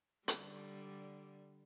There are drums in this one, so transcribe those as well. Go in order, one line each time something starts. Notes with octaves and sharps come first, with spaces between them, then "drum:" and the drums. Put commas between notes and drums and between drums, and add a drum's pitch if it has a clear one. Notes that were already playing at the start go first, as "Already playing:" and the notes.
D3 G3, drum: hi-hat